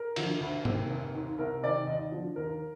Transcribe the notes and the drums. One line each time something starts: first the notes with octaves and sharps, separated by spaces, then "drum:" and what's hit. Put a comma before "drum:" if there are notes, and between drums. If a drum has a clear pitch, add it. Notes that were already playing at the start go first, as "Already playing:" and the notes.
Already playing: A#4
D3 F3, drum: cymbal
D2
C3 D#3, drum: tom
F1
D#2 D#3
C2 A#4
C3 D#3 D5
D#2 D#5
D3 F3
D#2 A#4